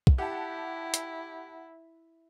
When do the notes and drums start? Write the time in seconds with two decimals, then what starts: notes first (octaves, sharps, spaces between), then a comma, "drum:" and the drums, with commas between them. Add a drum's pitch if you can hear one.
0.07 drum: kick
0.18 E4 G4 F#5 A5
0.94 drum: hi-hat